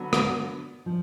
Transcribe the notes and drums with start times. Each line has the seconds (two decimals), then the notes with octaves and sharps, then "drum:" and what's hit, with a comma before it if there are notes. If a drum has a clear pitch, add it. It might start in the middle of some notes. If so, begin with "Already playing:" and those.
Already playing: D3 F#3 B3 D4
0.13 drum: rim click
0.86 F3